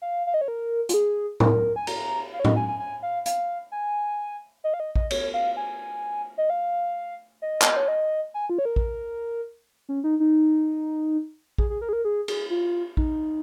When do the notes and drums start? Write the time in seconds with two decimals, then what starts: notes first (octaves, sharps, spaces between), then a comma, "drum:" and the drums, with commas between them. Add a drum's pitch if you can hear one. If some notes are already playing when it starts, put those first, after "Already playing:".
0.02 F5
0.27 F5
0.34 D#5
0.41 C#5
0.48 A#4
0.89 F4, drum: hi-hat
0.94 G#4
1.40 A#4, drum: tom A2
1.76 G#5
1.87 A#5, drum: cymbal
2.33 F5
2.40 C#5
2.45 D#5, drum: tom A2
2.56 G#5
2.68 G#5
2.79 G#5
3.03 F5
3.26 F5, drum: hi-hat
3.72 G#5
4.64 D#5
4.74 F5
4.80 D#5
4.95 D#5, drum: kick A#1
5.11 C#5, drum: cymbal
5.34 F5
5.57 G#5
6.38 D#5
6.50 F5
7.42 D#5
7.62 drum: clap
7.77 C#5
7.88 D#5
8.34 G#5
8.50 F4
8.59 C#5
8.65 A#4
8.76 drum: kick A#1
9.89 C#4
10.04 D#4
10.20 D#4
11.58 G#4, drum: kick A#1
11.70 G#4
11.81 A#4
11.89 G#4
11.93 A#4
12.05 G#4
12.28 G#4, drum: cymbal
12.50 F4
12.97 D#4, drum: kick A#1